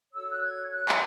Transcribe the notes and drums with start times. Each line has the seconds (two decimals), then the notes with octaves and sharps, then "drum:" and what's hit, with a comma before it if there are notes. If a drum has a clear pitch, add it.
0.13 F#4 A4 C#5 E6
0.31 F#6
0.42 G#6
0.70 F#6
0.89 drum: clap